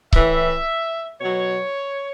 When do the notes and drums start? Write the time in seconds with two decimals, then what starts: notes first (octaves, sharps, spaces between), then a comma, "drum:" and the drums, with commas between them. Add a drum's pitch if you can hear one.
0.13 A2 E3 E5, drum: kick C#1
1.20 B2 F#3 C#5